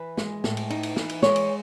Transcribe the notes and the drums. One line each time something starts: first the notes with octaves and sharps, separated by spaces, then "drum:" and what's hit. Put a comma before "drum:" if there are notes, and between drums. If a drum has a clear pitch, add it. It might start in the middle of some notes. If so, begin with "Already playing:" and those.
Already playing: E3 B4
G#3, drum: snare
A2, drum: snare
drum: cymbal
D#4, drum: cymbal
drum: cymbal
E3, drum: snare
drum: cymbal
G#3 C#5, drum: snare
drum: cymbal